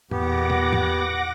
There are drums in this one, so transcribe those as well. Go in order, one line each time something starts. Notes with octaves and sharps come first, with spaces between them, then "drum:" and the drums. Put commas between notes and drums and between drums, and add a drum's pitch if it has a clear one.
E2 A#2 B3 G4 F#5 D6 A#6, drum: tom
drum: tom
drum: tom